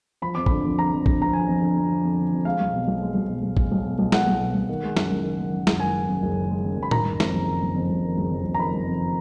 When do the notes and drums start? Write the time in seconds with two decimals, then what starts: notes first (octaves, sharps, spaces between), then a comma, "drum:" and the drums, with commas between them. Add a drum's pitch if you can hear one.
0.22 F3 B5
0.35 F2 D6
0.46 D3 B5, drum: kick A1
0.65 F2
0.79 F3 A#5
0.93 F2
1.06 D3, drum: kick A1
1.21 F2 A#5
1.33 F3 G#5
1.48 F2
1.61 D3
1.76 F2
1.90 F3
2.04 F2
2.18 D3
2.32 F2
2.45 G#3 F5
2.60 B1
2.73 B2
2.88 B1
3.02 G#3
3.15 B1
3.29 B2
3.43 B1
3.57 G#3, drum: kick A1
3.72 B1
3.86 B2
3.99 B1
4.12 G#3 F#5, drum: snare
4.26 B1
4.40 B2
4.55 B1
4.69 D#3
4.83 G#3
4.97 F#2, drum: snare
5.11 F#1
5.24 D#3
5.39 G#3
5.53 F#2
5.67 F#1, drum: snare
5.80 D#3 G#5
5.94 G#3
6.08 F#2
6.23 F#1
6.36 D#3
6.50 G#3
6.64 F#2
6.77 F#1
6.83 B5
6.91 D#3 A#5, drum: tom A2
7.06 F#1
7.20 F2, drum: snare
7.33 F#1
7.48 D#3
7.61 F#1
7.76 F2
7.90 F#1
8.04 D#3
8.17 F#1
8.32 F2
8.45 F#1
8.54 A#5
8.59 D#3 B5
8.74 F#1
8.87 F2